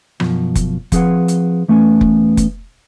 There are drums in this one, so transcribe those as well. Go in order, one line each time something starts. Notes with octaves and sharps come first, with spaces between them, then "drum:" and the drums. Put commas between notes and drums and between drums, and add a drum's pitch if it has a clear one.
F#2 B2 F3, drum: rim click
drum: kick F1, hi-hat
F3 C4 G#4 B4 F#5, drum: kick F1, hi-hat
drum: hi-hat
E2 A3 B3 C#4 G#5
drum: kick F1
drum: kick F1, hi-hat